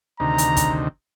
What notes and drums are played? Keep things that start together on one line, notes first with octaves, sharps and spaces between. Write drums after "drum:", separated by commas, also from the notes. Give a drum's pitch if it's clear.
D2 C3 D#3 A#5
drum: hi-hat
drum: kick, hi-hat